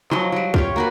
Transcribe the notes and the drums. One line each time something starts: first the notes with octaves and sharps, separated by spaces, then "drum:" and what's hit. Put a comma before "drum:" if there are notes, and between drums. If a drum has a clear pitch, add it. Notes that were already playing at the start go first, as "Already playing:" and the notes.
F3 F#3 D#5 C6, drum: clap
F#3 G3
F4 G4 C#5, drum: kick
A#3 F#4 B4